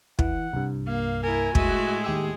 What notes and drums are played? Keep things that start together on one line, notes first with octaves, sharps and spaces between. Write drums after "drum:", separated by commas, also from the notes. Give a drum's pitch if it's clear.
E3 F#5, drum: kick
C2 G2
A#3 F5
E4 A#4 G#5
A2 G#3 F#4 E5, drum: kick
D#2 G4 G#4 E6